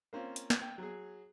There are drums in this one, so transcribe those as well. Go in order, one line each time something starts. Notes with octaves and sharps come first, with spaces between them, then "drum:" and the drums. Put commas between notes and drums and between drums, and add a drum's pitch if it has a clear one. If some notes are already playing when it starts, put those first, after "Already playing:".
A#3 C4 C#4 F4
drum: hi-hat
drum: snare
G5
F#3 G#4